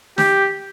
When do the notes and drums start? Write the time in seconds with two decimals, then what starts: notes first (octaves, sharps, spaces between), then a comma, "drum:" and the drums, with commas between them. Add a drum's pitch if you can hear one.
0.18 G4, drum: snare